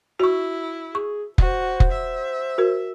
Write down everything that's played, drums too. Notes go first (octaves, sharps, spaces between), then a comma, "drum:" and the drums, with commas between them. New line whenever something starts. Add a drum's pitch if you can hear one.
E4 F#4 C#6
G#4 C#6
F#4 C5, drum: kick F1
drum: kick F1
E5
F#4 A#4